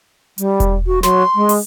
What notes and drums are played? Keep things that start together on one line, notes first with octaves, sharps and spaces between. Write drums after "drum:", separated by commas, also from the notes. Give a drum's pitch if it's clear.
G3, drum: hi-hat
drum: kick E1, hi-hat
F#4
F#3 C6, drum: snare
G#3
drum: open hi-hat